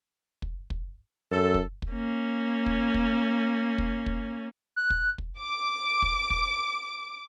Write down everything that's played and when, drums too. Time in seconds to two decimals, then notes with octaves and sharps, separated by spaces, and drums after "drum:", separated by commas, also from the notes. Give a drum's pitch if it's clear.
0.42 drum: kick
0.70 drum: kick
1.31 F#2 A4
1.54 drum: kick
1.82 drum: kick
1.92 A#3 C#4
2.66 drum: kick
2.94 drum: kick
3.78 drum: kick
4.06 drum: kick
4.76 F#6
4.90 drum: kick
5.18 drum: kick
5.40 D6 D7
6.02 drum: kick
6.30 drum: kick